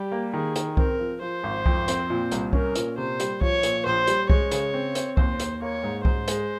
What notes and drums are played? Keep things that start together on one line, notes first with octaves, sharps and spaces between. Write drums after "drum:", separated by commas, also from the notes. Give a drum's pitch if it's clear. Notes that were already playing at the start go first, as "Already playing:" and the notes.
Already playing: G3 G4
A#3
D#3 G#4
D#3, drum: hi-hat
C4 A#4, drum: kick C2
F3
F3 C5
G#1
F2, drum: kick C2
C4, drum: hi-hat
A#2
C2, drum: hi-hat
C#4 A#4, drum: kick C2
A#2, drum: hi-hat
C3 C5
G3, drum: hi-hat
F3 C#5, drum: kick C2
A#2, drum: hi-hat
A#1 C5
G3, drum: hi-hat
G#3 C#5, drum: kick C2
C#3, drum: hi-hat
C4
C4, drum: hi-hat
D#2 C5, drum: kick C2
D#2, drum: hi-hat
A#3 C#5
G#2
G#2 C5, drum: kick C2
G#3, drum: hi-hat